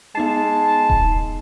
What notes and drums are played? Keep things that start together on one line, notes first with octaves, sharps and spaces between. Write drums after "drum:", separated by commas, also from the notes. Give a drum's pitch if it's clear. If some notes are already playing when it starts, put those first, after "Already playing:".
G#3 B3 D#4 A5 C7
drum: kick D#1